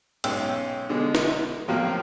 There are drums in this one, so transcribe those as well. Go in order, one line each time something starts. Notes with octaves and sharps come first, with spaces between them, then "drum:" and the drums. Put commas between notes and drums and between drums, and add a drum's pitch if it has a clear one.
B1 G#2 C#4 G5 E6, drum: hi-hat
B2 D3 G#3
drum: snare
A2 F3 F#3 A#3 C4 F4